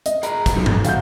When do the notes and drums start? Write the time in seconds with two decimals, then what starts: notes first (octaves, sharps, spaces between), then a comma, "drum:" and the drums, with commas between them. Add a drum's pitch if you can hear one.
0.06 D#5, drum: hi-hat
0.23 G#4 A#5 B5, drum: hi-hat
0.46 drum: kick, hi-hat
0.56 B1 F#3 D#4
0.66 drum: tom G2
0.85 D#3 F5 F#5 G6, drum: hi-hat